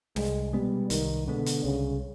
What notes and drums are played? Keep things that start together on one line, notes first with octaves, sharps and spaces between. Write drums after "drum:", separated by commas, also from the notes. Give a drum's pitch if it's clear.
C2 G#3, drum: snare
B2 G3 G#3 B3
C2 D#3, drum: hi-hat
B2 D3 G#3 B3
drum: hi-hat
C2 C#3